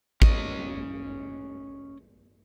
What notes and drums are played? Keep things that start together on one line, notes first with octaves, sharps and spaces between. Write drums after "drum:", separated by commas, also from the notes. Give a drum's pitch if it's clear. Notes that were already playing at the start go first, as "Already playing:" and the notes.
C#4 D#5, drum: kick